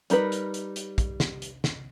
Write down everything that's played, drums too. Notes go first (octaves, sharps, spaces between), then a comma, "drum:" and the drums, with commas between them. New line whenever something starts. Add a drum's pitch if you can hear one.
G3 D#4 A#4 B4, drum: hi-hat
drum: hi-hat
drum: hi-hat
drum: hi-hat
drum: kick, hi-hat
drum: snare
drum: hi-hat
drum: snare